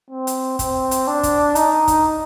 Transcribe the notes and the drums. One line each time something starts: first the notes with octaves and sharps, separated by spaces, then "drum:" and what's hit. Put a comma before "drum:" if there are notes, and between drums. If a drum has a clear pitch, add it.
C4
drum: hi-hat
C4, drum: kick, hi-hat
drum: hi-hat
D4
drum: kick, hi-hat
D#4, drum: hi-hat
drum: kick, hi-hat